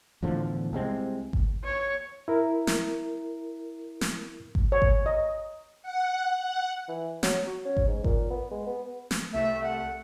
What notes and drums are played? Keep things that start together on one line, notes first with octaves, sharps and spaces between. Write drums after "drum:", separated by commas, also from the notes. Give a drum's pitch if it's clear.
E2 A2 D3 F3
C2 C3 G#3 C4
drum: kick G#1
C#5
E4 A#4
drum: snare
drum: snare
drum: kick G#1
C#5
drum: kick G#1
D#5
F#5
F#5
E3
F#3, drum: snare
F#4
C#4
drum: kick G#1
G#2
A#2, drum: kick G#1
B3
G#3
B3
drum: snare
C2 A3 E5
F#5